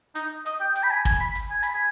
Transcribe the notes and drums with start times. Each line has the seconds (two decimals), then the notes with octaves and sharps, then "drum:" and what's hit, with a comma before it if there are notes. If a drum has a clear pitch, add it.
0.15 D#4, drum: hi-hat
0.46 D#5, drum: hi-hat
0.60 G5
0.76 G5, drum: hi-hat
0.83 B5
0.91 G#5
1.05 G#5, drum: kick, hi-hat
1.20 B5
1.35 drum: hi-hat
1.50 G#5
1.63 B5, drum: hi-hat
1.74 G#5